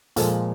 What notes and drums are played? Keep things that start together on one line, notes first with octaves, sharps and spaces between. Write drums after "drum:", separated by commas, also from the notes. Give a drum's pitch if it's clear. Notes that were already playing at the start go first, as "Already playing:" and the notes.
A#2 F3 G#3 A4, drum: hi-hat